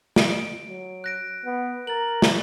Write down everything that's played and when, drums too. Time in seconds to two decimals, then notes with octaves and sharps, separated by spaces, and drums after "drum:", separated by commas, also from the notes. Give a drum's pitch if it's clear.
0.16 D7, drum: snare
0.68 F#3
1.04 F#6 A#6 D7
1.45 B3
1.87 A#4 A6 F#7
2.22 drum: snare